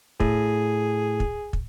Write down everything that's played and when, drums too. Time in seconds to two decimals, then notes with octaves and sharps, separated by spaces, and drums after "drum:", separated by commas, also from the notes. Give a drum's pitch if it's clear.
0.20 A2 G#4, drum: kick
1.20 drum: kick
1.53 drum: kick